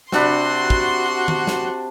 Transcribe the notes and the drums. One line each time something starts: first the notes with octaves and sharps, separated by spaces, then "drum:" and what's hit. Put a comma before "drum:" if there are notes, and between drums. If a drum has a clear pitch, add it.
C3 D4 F#4 B5 C6, drum: snare
drum: kick
drum: tom
drum: snare